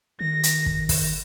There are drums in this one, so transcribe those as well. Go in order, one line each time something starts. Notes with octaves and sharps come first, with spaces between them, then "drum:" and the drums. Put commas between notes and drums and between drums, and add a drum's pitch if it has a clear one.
D#3 A#6
drum: hi-hat
drum: kick
drum: kick, open hi-hat